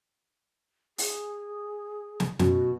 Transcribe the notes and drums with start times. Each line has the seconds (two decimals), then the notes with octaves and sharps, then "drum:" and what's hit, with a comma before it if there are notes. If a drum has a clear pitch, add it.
0.98 G#4, drum: open hi-hat
2.20 drum: snare
2.39 F#2 B2 F#4, drum: snare